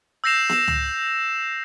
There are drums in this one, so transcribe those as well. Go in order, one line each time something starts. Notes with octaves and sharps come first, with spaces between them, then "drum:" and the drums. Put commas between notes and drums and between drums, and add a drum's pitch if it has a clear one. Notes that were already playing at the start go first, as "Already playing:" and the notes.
E6 G6 A#6 C7 E7 F7
E6 E7, drum: snare B3
drum: tom